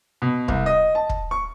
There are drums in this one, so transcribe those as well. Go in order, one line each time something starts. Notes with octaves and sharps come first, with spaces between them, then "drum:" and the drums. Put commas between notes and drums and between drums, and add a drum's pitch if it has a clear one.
B2
C2, drum: kick
D#5
A5
drum: kick
C#6